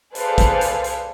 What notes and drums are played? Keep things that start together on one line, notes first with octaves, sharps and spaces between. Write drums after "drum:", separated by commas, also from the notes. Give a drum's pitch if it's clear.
G#4 A4 B4 C5 D5 F5, drum: hi-hat
drum: kick G#1, hi-hat
drum: hi-hat
drum: hi-hat